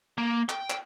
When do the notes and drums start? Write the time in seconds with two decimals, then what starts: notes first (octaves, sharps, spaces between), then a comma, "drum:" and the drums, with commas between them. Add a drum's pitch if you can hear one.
0.18 A#3
0.49 G5, drum: clap
0.70 drum: clap